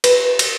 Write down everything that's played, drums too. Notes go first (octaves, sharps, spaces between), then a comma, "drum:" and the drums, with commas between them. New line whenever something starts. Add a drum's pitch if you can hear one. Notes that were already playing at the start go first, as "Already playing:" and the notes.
B4, drum: cymbal
drum: cymbal